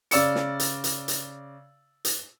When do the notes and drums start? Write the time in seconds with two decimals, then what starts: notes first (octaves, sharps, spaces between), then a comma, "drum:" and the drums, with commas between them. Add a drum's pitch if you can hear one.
0.11 C#3 D5 E6 C#7, drum: hi-hat
0.35 drum: snare
0.60 drum: hi-hat
0.84 drum: hi-hat
1.08 drum: hi-hat
2.05 drum: hi-hat